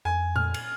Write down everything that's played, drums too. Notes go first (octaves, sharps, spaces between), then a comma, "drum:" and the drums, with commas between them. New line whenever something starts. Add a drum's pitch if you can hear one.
F2 G#5
F6, drum: tom A#2
drum: cymbal